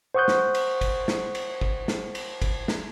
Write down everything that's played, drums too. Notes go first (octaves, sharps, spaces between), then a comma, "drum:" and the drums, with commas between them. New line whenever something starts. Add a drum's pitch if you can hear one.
C5 F#5 C#6 D#6 F#6 G6
drum: snare
drum: cymbal
drum: kick G1, cymbal
drum: snare
drum: cymbal
drum: kick G1
drum: snare
drum: cymbal
drum: kick G1, cymbal
drum: snare